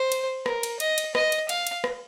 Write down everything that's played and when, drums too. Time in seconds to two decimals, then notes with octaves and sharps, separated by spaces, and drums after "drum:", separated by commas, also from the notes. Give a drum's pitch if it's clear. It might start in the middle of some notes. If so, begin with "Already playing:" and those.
Already playing: C5
0.12 drum: cymbal
0.46 A#4, drum: rim click
0.63 drum: cymbal
0.80 D#5, drum: cymbal
0.98 drum: cymbal
1.15 D#5, drum: rim click
1.32 drum: cymbal
1.49 F5, drum: cymbal
1.67 drum: cymbal
1.84 drum: rim click